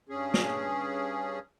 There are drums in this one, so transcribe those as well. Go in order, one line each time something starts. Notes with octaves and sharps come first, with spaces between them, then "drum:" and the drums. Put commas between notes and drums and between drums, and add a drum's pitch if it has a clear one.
G2 C#4 G#4
drum: snare